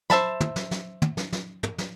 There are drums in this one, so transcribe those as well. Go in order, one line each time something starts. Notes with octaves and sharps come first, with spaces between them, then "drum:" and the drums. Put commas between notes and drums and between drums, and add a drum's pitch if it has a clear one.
C5 E5 A5 B5, drum: snare
drum: tom
drum: snare
drum: snare
drum: tom
drum: snare
drum: snare
drum: tom
drum: snare